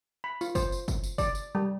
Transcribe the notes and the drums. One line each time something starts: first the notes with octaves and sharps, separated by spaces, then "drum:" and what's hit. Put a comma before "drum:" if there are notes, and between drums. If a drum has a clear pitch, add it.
B5
F4, drum: tambourine
C5, drum: kick, tambourine
drum: tambourine
drum: kick, tambourine
drum: tambourine
D5, drum: kick, tambourine
drum: tambourine
G3